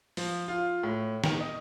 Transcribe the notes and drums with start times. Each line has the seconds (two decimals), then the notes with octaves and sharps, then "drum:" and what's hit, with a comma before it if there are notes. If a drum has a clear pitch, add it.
0.17 F3, drum: open hi-hat
0.48 F4
0.83 A2
1.24 D#3, drum: snare
1.40 D#5